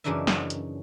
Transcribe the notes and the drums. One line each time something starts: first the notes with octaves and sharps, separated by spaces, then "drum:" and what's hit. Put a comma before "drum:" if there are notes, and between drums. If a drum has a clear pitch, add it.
F#2 C#3 E3 D4 D#4 E5
drum: snare
drum: hi-hat